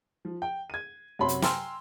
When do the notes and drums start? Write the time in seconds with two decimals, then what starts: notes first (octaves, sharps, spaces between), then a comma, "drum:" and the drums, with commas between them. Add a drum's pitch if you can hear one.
0.25 F3
0.42 G5
0.70 G#6 D#7
1.19 F#2 C3 F#3 C#5 B5 C6
1.28 drum: hi-hat
1.42 G5 G#5 A#5 C6 E6 F6, drum: snare